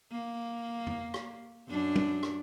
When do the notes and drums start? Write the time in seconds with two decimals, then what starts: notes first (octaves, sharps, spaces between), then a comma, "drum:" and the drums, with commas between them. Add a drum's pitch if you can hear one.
0.12 A#3
0.87 drum: tom F2
1.14 drum: rim click
1.68 F#2 D4
1.96 drum: tom
2.23 drum: rim click